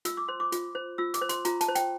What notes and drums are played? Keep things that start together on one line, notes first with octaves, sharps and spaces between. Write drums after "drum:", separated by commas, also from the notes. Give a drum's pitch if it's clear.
F4 E6, drum: hi-hat
D6
C5 C6
D6
F4, drum: hi-hat
C5
F4 E6
D6, drum: hi-hat
C5
C6, drum: hi-hat
F4 A#5, drum: hi-hat
A5, drum: hi-hat
C5
G5, drum: hi-hat